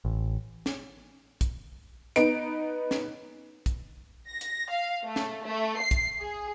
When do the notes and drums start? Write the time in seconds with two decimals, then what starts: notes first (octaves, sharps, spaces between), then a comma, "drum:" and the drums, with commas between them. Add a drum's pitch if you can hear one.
0.05 A1
0.66 drum: snare
1.41 drum: kick, hi-hat
2.16 B3 D#4 D7, drum: hi-hat
2.91 drum: snare
3.66 drum: kick, hi-hat
4.30 A#6
4.41 drum: hi-hat
4.71 F5
5.06 A3
5.16 drum: snare
5.46 A3
5.81 C7
5.91 drum: kick, hi-hat
6.21 G#4